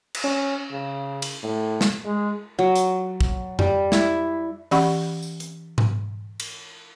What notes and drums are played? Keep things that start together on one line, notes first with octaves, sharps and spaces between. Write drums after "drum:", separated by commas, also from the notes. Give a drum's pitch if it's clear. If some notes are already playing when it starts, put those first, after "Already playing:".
drum: cymbal
C#4
C#3
drum: cymbal
A2
drum: snare
G#3
F#3
drum: hi-hat
drum: kick
G3, drum: tom F2
E4, drum: snare
E3 C#4 G4 F#5 B5 C#6, drum: open hi-hat
drum: tambourine
drum: hi-hat
drum: tom G#2
drum: cymbal